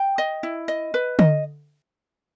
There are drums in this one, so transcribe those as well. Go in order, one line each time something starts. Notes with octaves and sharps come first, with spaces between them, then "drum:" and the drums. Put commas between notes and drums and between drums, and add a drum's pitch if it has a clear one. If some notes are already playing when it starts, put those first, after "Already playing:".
Already playing: G5
D#5
E4
D#5
B4
D#5, drum: tom D3